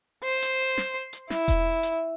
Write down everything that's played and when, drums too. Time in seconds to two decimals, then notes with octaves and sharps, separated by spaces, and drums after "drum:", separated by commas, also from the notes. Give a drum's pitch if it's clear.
0.24 C5
0.42 drum: hi-hat
0.78 drum: snare
1.13 drum: hi-hat
1.30 E4, drum: snare
1.48 drum: kick E1, hi-hat
1.83 drum: hi-hat